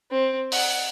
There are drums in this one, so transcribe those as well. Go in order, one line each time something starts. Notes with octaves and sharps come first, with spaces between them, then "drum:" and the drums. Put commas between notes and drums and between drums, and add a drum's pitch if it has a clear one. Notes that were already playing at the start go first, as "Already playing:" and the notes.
C4
F#5, drum: open hi-hat